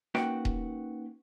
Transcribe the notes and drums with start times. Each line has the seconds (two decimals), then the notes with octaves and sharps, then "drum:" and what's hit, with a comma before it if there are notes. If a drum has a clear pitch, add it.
0.15 A#3 C#4 D#4 F#4 B4 G5, drum: rim click
0.45 drum: kick D#1